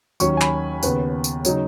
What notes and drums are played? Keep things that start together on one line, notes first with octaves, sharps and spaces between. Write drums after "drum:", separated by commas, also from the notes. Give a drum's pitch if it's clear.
D#2 D#3 F#3 C#4 C#6, drum: tambourine
G#5
B5, drum: clap
D#2 C#3 B3 B4, drum: tambourine
drum: tambourine
C#3 F#3 D#4 C#5, drum: tambourine